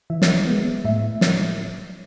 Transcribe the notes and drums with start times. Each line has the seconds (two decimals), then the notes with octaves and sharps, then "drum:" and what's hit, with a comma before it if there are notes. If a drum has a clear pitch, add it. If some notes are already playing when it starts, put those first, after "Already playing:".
0.10 E3 E5
0.22 drum: snare
0.47 G#3 B3
0.85 A2 E5
1.21 drum: snare